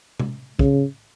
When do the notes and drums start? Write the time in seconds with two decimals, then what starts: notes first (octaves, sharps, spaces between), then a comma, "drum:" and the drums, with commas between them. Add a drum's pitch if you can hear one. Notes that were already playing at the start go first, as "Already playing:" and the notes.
0.20 drum: tom C3
0.59 C#3, drum: kick